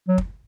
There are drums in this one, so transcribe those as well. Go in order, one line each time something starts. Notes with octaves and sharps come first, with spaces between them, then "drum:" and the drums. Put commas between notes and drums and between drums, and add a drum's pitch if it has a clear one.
F#3
drum: kick